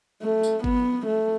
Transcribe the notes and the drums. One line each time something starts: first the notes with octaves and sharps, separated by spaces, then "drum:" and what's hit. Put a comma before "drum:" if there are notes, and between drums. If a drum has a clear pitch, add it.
A3
drum: tambourine
B3, drum: kick G1
A3